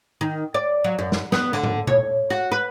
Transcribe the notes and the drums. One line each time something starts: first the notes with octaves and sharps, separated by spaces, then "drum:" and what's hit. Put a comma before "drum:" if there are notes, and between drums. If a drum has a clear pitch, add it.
D#3
D5
F#3
F#2
drum: snare
B3, drum: snare
D3
drum: tom G#2
C#5, drum: tom A#2
F#4
B4